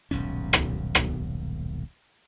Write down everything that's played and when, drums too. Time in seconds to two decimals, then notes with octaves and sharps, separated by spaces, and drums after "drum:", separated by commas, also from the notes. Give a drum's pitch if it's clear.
0.11 D#1 B1 G#2 C#4
0.53 drum: rim click
0.95 drum: rim click